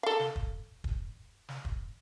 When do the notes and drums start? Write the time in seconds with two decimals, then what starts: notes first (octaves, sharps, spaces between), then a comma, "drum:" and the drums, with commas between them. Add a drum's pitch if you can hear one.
0.03 A4 F5
0.19 drum: snare
0.36 drum: kick
0.84 drum: kick
1.49 drum: snare
1.65 drum: kick